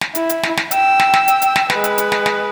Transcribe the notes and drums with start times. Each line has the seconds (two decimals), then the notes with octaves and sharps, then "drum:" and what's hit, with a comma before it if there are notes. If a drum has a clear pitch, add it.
0.01 drum: snare
0.15 E4, drum: hi-hat
0.29 drum: hi-hat
0.43 drum: snare
0.58 drum: snare
0.71 G5 E6, drum: hi-hat
1.00 drum: snare
1.14 drum: snare
1.28 drum: hi-hat
1.42 drum: hi-hat
1.56 drum: snare
1.70 G#3 B4, drum: snare
1.84 drum: hi-hat
1.98 drum: hi-hat
2.12 drum: snare
2.26 drum: snare